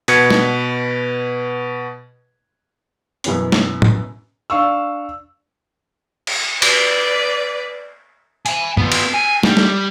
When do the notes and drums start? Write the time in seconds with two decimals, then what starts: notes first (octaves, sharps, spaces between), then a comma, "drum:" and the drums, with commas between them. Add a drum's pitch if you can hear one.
0.08 B2 B4 G#6 C#7, drum: hi-hat
0.31 drum: snare
3.24 F#2 B2 E3 B3 C#4, drum: hi-hat
3.52 drum: snare
3.82 drum: tom A2
4.50 D4 F5 C#6 E6
6.27 drum: cymbal
6.62 B4 D5, drum: cymbal
8.46 G#5 B5, drum: hi-hat
8.77 B3 F4, drum: tom G2
8.92 drum: cymbal
9.14 G#5
9.43 G3, drum: snare
9.57 drum: snare